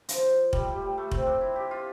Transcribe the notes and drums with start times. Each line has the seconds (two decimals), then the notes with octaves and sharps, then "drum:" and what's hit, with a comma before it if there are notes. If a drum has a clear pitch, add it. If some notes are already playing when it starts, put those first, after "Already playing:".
0.09 F3, drum: hi-hat
0.53 G3, drum: kick
0.63 A3
0.71 G3
0.82 G3
0.98 A3
1.11 C4, drum: kick
1.26 D4
1.41 E4
1.56 G4
1.71 F4